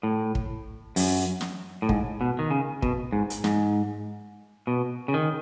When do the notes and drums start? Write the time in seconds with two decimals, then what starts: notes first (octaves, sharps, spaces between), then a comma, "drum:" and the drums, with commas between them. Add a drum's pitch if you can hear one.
0.03 A2
0.35 drum: kick
0.96 F#2, drum: open hi-hat
1.41 drum: snare
1.82 A2
1.89 G#2, drum: kick
2.21 B2
2.39 D#3
2.50 C#3
2.82 B2, drum: kick
3.12 G#2
3.30 drum: hi-hat
3.44 G#2, drum: snare
4.67 B2
5.08 C#3
5.14 D#3